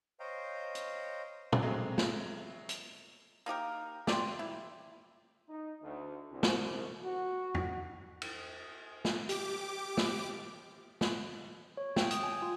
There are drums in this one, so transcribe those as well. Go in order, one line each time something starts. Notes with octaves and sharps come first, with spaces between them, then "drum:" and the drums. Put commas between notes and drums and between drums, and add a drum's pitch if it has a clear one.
C5 C#5 D#5 F5 G5 A#5
drum: hi-hat
drum: tom
F#3 G#3 A3 B3 C4
drum: snare
drum: hi-hat
A#3 D#4 G4 A#4
G4 D5 C6, drum: snare
E4
D#4
D2
C2
drum: snare
F#4
drum: tom
drum: cymbal
drum: snare
G4 D6, drum: hi-hat
drum: snare
drum: snare
C#5
G5, drum: snare
D#6, drum: hi-hat
G#5
F4